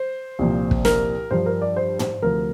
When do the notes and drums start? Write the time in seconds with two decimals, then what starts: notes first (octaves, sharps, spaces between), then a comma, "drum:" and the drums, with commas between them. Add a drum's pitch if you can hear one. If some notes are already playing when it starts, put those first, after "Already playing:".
Already playing: C5
0.39 C2 A#2 F3
0.71 drum: kick
0.85 A#4, drum: snare
1.31 G2 F3 C5
1.46 A#4
1.62 D5
1.76 C5
1.99 C5, drum: tom
2.22 D2 C3 F3 A#4